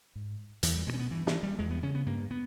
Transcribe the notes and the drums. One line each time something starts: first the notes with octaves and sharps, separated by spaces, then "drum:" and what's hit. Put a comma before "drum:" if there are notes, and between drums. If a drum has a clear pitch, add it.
G#2
E2 E3, drum: hi-hat
G3
B2 G#3
C#4
B3
G2 E3
E3, drum: snare
G3
E2 G#3
B3
C#3 C#4
B3
G2 A#3
B3